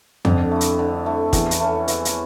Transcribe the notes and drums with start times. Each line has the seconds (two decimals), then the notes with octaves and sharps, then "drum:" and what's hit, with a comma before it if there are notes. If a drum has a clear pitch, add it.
0.25 F2 D3, drum: tom F2
0.51 A3 E4
0.61 drum: hi-hat
0.79 D3
1.06 A3 E4
1.33 E2 E3, drum: kick, hi-hat
1.51 drum: hi-hat
1.60 A3 C#4
1.88 E3, drum: hi-hat
2.05 drum: hi-hat